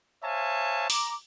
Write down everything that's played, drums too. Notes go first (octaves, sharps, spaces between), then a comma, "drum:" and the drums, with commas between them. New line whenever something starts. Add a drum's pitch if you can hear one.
C5 C#5 E5 F5 G#5 A5
A#5 D6, drum: open hi-hat